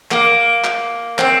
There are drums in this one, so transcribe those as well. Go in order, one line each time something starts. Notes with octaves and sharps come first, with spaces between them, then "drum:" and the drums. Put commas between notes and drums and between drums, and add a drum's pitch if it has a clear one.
A#3, drum: clap
drum: clap
C4, drum: clap